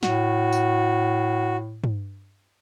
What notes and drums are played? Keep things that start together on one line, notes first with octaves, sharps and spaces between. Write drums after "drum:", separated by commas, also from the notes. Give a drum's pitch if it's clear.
A2 F#4, drum: snare
drum: tambourine
drum: tom